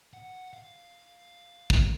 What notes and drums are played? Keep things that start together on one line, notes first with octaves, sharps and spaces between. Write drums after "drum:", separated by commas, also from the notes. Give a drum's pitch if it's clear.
F#5
F5
drum: kick